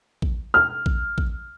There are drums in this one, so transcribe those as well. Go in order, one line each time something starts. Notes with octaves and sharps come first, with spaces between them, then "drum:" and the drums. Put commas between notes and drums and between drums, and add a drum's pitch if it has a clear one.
drum: kick A#1
F6
drum: kick A#1
drum: kick A#1